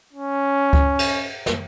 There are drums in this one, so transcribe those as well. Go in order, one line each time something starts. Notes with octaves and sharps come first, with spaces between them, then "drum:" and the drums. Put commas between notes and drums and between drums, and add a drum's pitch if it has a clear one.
C#4
drum: kick C#2
drum: cymbal
drum: snare